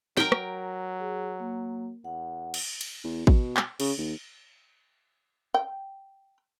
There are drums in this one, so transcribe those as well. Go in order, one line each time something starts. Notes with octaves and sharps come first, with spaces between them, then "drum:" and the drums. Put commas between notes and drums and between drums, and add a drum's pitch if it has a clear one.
F#3 A#4 G5, drum: snare
drum: rim click
G#4
A#3
E2 F#5
drum: cymbal
drum: cymbal
E2
B2, drum: kick
drum: clap
C#3, drum: cymbal
D#2
G5